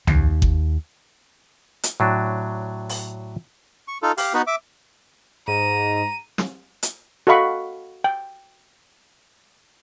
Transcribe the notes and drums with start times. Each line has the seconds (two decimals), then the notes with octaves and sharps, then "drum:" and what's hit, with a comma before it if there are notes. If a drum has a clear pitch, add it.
0.07 D#2, drum: tom C2
0.42 drum: kick G1
1.83 drum: hi-hat
2.00 A2 F#3 D4
2.89 drum: open hi-hat
3.88 C#6
4.02 D#4 F4 A4
4.18 G4 F5, drum: open hi-hat
4.34 B3 D#4 F#4 B4
4.47 E5 D6
5.48 G#2 A#5 D#7
6.38 drum: snare
6.83 drum: hi-hat
7.27 F#4 A4 D#5 F5 B5 C#6
8.04 G5